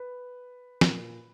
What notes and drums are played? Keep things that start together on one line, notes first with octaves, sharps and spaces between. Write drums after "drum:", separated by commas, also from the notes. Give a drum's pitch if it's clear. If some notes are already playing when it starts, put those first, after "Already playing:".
Already playing: B4
A#2, drum: snare